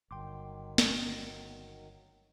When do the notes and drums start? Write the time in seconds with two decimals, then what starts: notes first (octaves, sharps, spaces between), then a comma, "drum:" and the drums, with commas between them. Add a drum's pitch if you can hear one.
0.11 G1 D#3 F#3 G5 C6 D6
0.78 drum: snare